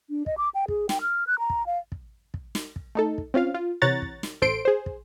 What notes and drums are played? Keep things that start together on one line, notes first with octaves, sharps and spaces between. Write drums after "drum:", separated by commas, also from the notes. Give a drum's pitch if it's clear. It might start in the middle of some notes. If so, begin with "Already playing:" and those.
D4
D#5, drum: kick
D6
G5
G#4, drum: kick
G5, drum: snare
F6
F#6
A#5
drum: kick
F5
drum: kick
drum: kick
drum: snare
drum: kick
A3 D#4 A4
drum: kick
C4 C#4 F4 F5
F4
C3 E3 C#5 F#5 A#5 A6
drum: kick
drum: snare
A1 A4 C5 C6 D7, drum: kick
G#4 C5
drum: kick